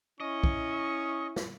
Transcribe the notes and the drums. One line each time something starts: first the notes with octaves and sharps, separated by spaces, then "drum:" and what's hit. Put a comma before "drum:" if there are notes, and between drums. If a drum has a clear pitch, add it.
C#4 E4 D#5 C#6
drum: kick B1
drum: snare